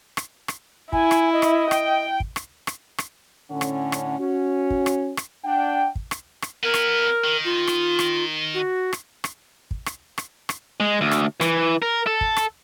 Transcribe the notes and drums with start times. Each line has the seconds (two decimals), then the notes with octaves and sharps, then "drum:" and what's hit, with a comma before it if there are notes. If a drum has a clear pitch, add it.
0.17 drum: rim click
0.48 drum: rim click
0.93 E4 G#5, drum: kick
1.11 drum: rim click
1.33 D#5
1.42 drum: rim click
1.71 G5, drum: rim click
2.20 drum: kick
2.36 drum: rim click
2.67 drum: rim click
2.98 drum: rim click
3.51 A2 D3 C#4 F#5
3.61 drum: rim click
3.92 drum: rim click
4.19 C#4 F#4
4.70 drum: kick
4.86 drum: rim click
5.17 drum: rim click
5.45 D4 F#5 G5
5.95 drum: kick
6.11 drum: rim click
6.42 drum: rim click
6.63 B3 E4 A#4
6.74 drum: rim click
7.24 D#3
7.45 F4
7.67 drum: rim click
7.99 drum: rim click
8.54 F#4
8.93 drum: rim click
9.24 drum: rim click
9.71 drum: kick
9.86 drum: rim click
10.18 drum: rim click
10.49 drum: rim click
10.80 G#3
11.01 D2
11.11 drum: rim click
11.41 E3, drum: rim click
11.82 A#4
12.07 A4
12.21 drum: kick
12.37 drum: rim click